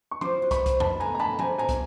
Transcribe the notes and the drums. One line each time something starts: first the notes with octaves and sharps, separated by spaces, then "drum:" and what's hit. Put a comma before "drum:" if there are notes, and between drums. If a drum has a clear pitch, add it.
C#6
F3 C6 D6, drum: tom F3
F#3
F3 B5 C#6, drum: kick, hi-hat
drum: kick, hi-hat
D#3 A5 B5, drum: tom E2
D3 G#5 A#5
A#5
D3 A5 B5
C3 G#5 A#5, drum: tom F3
A#2 G#5 A#5
drum: kick, hi-hat